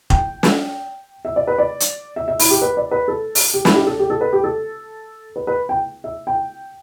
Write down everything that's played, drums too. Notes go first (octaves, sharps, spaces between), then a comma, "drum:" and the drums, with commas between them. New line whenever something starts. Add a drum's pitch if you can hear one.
G5, drum: kick
drum: snare
E5
D5
B4
D5
drum: hi-hat
E5
E5
E4, drum: open hi-hat
G4
B4
D5
B4
A4
drum: open hi-hat
G4
E4, drum: snare
G4
A4
G4
A4
B4
G4
A4
B4
B4
G5
E5
G5